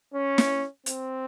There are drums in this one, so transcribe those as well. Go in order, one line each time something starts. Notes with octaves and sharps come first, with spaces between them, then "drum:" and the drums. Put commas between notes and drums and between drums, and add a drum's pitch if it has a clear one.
C#4
drum: snare
C4, drum: hi-hat